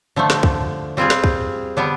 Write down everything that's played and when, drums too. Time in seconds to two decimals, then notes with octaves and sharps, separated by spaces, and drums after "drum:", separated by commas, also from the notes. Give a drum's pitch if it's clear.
0.16 D3 F3 A3
0.30 drum: snare
0.43 drum: kick
0.97 G3 C4 F4 G#4
1.10 drum: snare
1.24 drum: kick
1.77 D3 G3 B3 D4